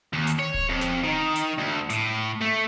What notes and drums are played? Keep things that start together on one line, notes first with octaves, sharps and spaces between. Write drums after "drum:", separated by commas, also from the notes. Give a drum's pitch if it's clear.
D#2
drum: hi-hat
C#5
drum: kick D1
F2
drum: snare
D#3
drum: hi-hat
D2
A2, drum: hi-hat
A3